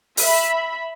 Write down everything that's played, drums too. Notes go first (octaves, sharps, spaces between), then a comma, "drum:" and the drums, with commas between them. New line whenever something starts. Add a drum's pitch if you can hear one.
E5 B5, drum: open hi-hat